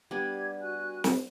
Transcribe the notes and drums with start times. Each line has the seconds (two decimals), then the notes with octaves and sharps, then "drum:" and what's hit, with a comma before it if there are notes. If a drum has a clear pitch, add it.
0.11 G3 B3 D4 G4 G#6
0.60 F#4 G#5 F#6
1.04 drum: snare